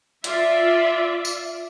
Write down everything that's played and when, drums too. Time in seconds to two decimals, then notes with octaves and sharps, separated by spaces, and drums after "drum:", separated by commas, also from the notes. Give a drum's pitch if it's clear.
0.24 F4 D5 E5, drum: hi-hat
1.25 drum: tambourine